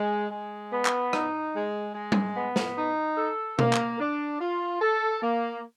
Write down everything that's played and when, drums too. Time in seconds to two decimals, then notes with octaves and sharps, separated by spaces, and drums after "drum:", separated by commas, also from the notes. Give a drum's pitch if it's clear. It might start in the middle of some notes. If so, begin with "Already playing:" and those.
Already playing: G#3
0.30 G#3
0.72 B3
0.85 drum: clap
1.13 D#4, drum: rim click
1.53 G#3
1.95 G#3
2.12 drum: tom G3
2.37 B3
2.56 drum: snare
2.77 D#4
3.17 A4
3.59 A#3, drum: tom B2
3.73 drum: clap
4.00 D4
4.40 F4
4.81 A4
5.22 A#3